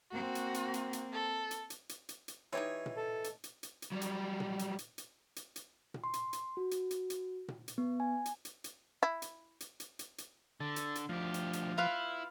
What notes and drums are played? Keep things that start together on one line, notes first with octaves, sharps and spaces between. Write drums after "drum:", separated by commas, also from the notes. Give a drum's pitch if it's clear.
A#3 C4 F#4
drum: hi-hat
drum: hi-hat
drum: hi-hat
drum: hi-hat
A4
drum: hi-hat
drum: hi-hat
drum: hi-hat
drum: hi-hat
drum: hi-hat
E3 D#4 G4 C#5
drum: tom A#2
A4
drum: hi-hat
drum: hi-hat
drum: hi-hat
drum: hi-hat
F#3 G3
drum: hi-hat
drum: tom A#2
drum: hi-hat
drum: hi-hat
drum: hi-hat
drum: hi-hat
drum: hi-hat
drum: tom A#2
C6
drum: hi-hat
drum: hi-hat
F#4
drum: hi-hat
drum: hi-hat
drum: hi-hat
drum: tom A#2
drum: hi-hat
B3
G#5
drum: hi-hat
drum: hi-hat
drum: hi-hat
E4
drum: hi-hat
drum: hi-hat
drum: hi-hat
drum: hi-hat
drum: hi-hat
D3 A4
drum: hi-hat
drum: hi-hat
D2 F3 G4
drum: hi-hat
drum: hi-hat
E4 F4 B4 F5